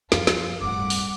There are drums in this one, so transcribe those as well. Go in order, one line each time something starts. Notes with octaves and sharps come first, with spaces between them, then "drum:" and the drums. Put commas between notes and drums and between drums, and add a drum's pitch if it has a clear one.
F#2 F3 F4, drum: snare
drum: snare
D1 C2 G2 F#5 D6
drum: open hi-hat